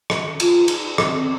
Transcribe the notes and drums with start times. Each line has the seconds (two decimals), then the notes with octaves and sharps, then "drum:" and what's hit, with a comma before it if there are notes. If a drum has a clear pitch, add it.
0.10 drum: rim click
0.40 F4, drum: cymbal
0.68 D#4, drum: cymbal
0.98 C4, drum: rim click